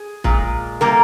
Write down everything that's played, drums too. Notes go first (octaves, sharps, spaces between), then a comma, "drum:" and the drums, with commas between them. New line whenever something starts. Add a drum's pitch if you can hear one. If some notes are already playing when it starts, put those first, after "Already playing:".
Already playing: G#4
A#2 G#3, drum: kick
C3 G3 A#3 A#4